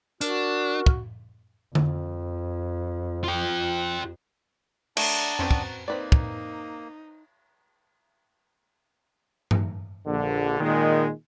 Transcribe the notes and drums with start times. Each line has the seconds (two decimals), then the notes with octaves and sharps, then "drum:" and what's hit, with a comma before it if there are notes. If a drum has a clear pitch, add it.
0.21 D4 F#4 A#4, drum: hi-hat
0.86 drum: kick
1.75 F2, drum: tom D3
3.24 F4 G5
4.97 A3 D4 F#5 A#5 D#6 A6, drum: cymbal
5.39 F2 C4 C#4 F#4 B4 G5
5.51 drum: kick
5.88 A#3 C4 D#4 B4 D5
6.12 drum: kick
9.51 drum: tom G2
10.07 A#1 D3
10.60 A#2 D#3 G#3